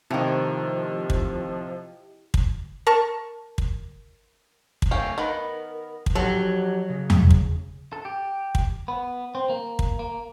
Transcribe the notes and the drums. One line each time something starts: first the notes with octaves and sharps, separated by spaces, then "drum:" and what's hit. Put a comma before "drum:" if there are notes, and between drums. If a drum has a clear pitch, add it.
A2 C3 D#3 F3 E4 G4 D#5
drum: kick
drum: kick
A#4 A5 C#6
drum: kick
drum: kick
A3 C#4 F5 G5
D#3 B3 A#4 B4
drum: kick
F3 F#3 G4 A4
C#3
drum: tom E2
drum: kick
A4
G4
drum: kick
B3
C4
A#3
drum: kick
A#3